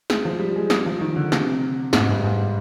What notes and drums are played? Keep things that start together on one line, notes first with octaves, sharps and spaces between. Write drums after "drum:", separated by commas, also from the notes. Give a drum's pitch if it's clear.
G#3, drum: snare
F3
G3
G#3
G3, drum: snare
F3
D#3
D3
C3, drum: snare
G#2, drum: snare
G2
G#2